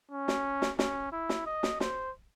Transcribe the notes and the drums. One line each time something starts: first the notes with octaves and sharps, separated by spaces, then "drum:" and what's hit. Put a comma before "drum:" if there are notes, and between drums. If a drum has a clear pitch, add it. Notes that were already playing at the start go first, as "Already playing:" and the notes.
C#4
drum: snare
drum: snare
C#4, drum: snare
E4
drum: snare
D#5
drum: snare
C5, drum: snare